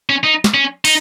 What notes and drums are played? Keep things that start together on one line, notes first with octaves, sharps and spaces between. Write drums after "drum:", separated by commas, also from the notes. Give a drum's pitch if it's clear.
C#4
D#4
drum: snare
C#4
D#4, drum: open hi-hat